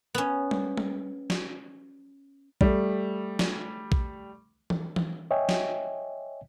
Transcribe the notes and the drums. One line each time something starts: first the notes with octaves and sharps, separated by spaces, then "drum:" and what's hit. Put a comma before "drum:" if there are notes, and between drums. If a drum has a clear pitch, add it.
B3 C#4
drum: tom G3
drum: tom G3
drum: snare
G3 A3, drum: kick A#1
drum: snare
drum: kick A#1
drum: tom E3
drum: tom E3
C#5 D#5 E5 G5 G#5
drum: snare